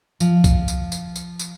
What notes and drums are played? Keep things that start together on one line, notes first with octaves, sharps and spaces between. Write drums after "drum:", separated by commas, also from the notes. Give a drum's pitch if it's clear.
F3, drum: tambourine
drum: kick C2, tambourine
drum: tambourine
drum: tambourine
drum: tambourine
drum: tambourine